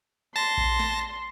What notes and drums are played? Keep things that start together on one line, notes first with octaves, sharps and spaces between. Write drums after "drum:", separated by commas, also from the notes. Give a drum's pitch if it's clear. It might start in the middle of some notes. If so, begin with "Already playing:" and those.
A5 C6 A#6
drum: kick A#1
drum: snare